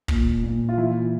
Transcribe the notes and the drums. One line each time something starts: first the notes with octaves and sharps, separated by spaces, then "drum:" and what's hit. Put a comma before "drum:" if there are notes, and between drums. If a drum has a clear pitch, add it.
A#2, drum: kick
A#2
F4
E3 E4